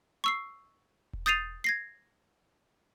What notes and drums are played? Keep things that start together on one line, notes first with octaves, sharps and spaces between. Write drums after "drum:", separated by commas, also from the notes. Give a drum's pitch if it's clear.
C#6 E6 C7
drum: kick E1
D#6 G6 A6 C7 D#7 F7
G#6 A#6 C7